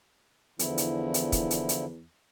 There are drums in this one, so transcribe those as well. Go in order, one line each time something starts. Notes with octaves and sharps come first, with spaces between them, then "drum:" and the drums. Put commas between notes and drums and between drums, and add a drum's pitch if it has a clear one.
E2 D3 F3 E4, drum: hi-hat
drum: hi-hat
drum: hi-hat
drum: kick, hi-hat
drum: hi-hat
drum: hi-hat